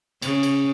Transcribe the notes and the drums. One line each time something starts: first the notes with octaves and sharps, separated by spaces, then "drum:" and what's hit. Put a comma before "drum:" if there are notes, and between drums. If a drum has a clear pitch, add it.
C#3, drum: cymbal
drum: cymbal